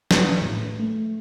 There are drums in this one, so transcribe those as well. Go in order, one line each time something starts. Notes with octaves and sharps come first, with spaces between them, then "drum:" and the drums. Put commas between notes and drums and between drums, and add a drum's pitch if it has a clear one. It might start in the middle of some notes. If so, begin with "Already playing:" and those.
B4, drum: snare
A2
A3